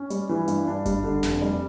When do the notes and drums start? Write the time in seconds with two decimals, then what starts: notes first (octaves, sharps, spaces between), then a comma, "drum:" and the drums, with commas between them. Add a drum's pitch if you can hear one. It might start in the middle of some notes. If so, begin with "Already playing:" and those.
Already playing: C#4
0.10 G3, drum: hi-hat
0.29 E3
0.48 G2, drum: hi-hat
0.67 D4
0.86 G3, drum: kick F#1, hi-hat
1.04 D3
1.23 F1, drum: snare
1.42 G3